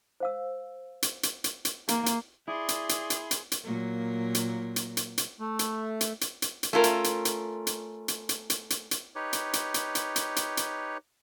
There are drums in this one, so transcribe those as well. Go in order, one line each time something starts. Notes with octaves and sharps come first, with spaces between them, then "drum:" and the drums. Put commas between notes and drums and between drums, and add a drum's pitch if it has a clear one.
C5 F5 E6
drum: hi-hat
drum: hi-hat
drum: hi-hat
drum: hi-hat
A#3, drum: hi-hat
drum: hi-hat
E4 G#4 D5 C6 D#6
drum: hi-hat
drum: hi-hat
drum: hi-hat
drum: hi-hat
drum: hi-hat
A#2 F#3 A#3
drum: hi-hat
drum: hi-hat
drum: hi-hat
drum: hi-hat
A3
drum: hi-hat
drum: hi-hat
drum: hi-hat
drum: hi-hat
drum: hi-hat
A3 C#4 F4 A#4
drum: hi-hat
drum: hi-hat
drum: hi-hat
drum: hi-hat
drum: hi-hat
drum: hi-hat
drum: hi-hat
drum: hi-hat
drum: hi-hat
D#4 G4 B4 C#5
drum: hi-hat
drum: hi-hat
drum: hi-hat
drum: hi-hat
drum: hi-hat
drum: hi-hat
drum: hi-hat